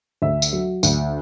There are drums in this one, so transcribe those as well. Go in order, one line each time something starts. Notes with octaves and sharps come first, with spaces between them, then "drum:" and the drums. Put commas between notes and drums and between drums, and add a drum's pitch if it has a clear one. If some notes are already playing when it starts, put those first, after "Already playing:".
D2 E5
drum: tambourine
F#3
D2, drum: tambourine